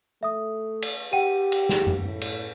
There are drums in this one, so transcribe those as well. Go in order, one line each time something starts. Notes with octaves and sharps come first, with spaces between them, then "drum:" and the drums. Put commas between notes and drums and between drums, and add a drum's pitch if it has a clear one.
A3 E5 D#6
drum: cymbal
G4 F#5 G5 D#7
drum: cymbal
drum: snare
drum: tom F#2
A2
drum: cymbal